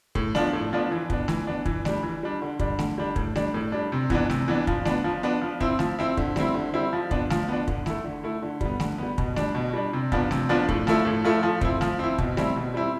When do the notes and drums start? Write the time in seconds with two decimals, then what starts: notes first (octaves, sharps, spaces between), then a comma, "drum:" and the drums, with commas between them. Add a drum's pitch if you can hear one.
0.15 A2, drum: kick
0.35 F3 B3 D4, drum: snare
0.53 A2
0.73 F3 B3 D4
0.91 E3
1.10 B3 D4, drum: kick
1.28 E3, drum: snare
1.47 B3 D4
1.66 E3, drum: kick
1.85 G3 D4, drum: snare
2.03 E3
2.23 G3 D4
2.42 D3
2.59 G3 D4, drum: kick
2.79 D3, drum: snare
2.98 G3 D4
3.16 A2, drum: kick
3.35 G3 D4, drum: snare
3.54 A2
3.72 G3 D4
3.92 C3
4.10 E3 B3 D4, drum: kick
4.30 C3, drum: snare
4.48 E3 B3 D4
4.67 F3, drum: kick
4.85 B3 D4, drum: snare
5.04 F3
5.23 B3 D4
5.41 F3
5.60 C4 E4, drum: kick
5.79 F3, drum: snare
5.99 C4 E4
6.17 D3, drum: kick
6.36 G3 C4 E4, drum: snare
6.54 D3
6.74 G3 C4 E4
6.93 F3
7.11 B3 D4, drum: kick
7.30 F3, drum: snare
7.48 B3 D4
7.68 D3, drum: kick
7.86 A3 E4, drum: snare
8.04 D3
8.24 A3 E4
8.42 D3
8.61 G3 B3, drum: kick
8.80 D3, drum: snare
8.98 G3 B3
9.18 B2, drum: kick
9.36 G3 D4, drum: snare
9.55 B2
9.73 G3 D4
9.93 C3
10.12 F3 B3 D4, drum: kick
10.31 C3, drum: snare
10.49 F3 B3 D4
10.69 A2, drum: kick
10.87 F3 A3 E4, drum: snare
11.05 A2
11.25 F3 A3 E4
11.43 F3
11.61 C4 E4, drum: kick
11.81 F3, drum: snare
11.99 C4 E4
12.18 B2, drum: kick
12.37 G3 C4 E4, drum: snare
12.56 B2
12.74 G3 C4 E4